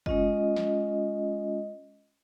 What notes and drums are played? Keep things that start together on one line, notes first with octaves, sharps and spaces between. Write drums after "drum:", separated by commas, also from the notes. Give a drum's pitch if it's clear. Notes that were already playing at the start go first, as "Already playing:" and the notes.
G#3 C#4 F4 D#5, drum: kick
drum: snare